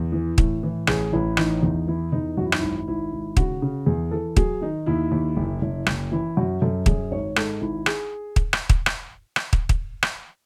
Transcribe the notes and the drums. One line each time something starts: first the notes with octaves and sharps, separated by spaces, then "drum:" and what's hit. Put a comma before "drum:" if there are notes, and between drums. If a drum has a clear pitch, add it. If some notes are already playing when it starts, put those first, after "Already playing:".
Already playing: E2
E3
A2, drum: kick
E3
A1 G#4, drum: rim click
A1 E4
E3 D#4, drum: rim click
E2 D#4
E3 E4
E2 D#4
F#2 F#4
E4
D#4, drum: rim click
G#1 E4
G#1 E4
G#1
C#3 F#4, drum: kick
C#3
E2 G#4
E3 A4
F#3 G#4, drum: kick
D#3 D#4
D#2 E4
D#2
F#1
F#1
F#1, drum: rim click
E3 E4
F#2 F#4
F#2 A4
F#2 G#4, drum: kick
G#1 C#5
G#2 A4, drum: rim click
G#1 E4
G#4, drum: rim click
drum: kick
drum: rim click
drum: kick
drum: rim click
drum: rim click
drum: kick
drum: kick
drum: rim click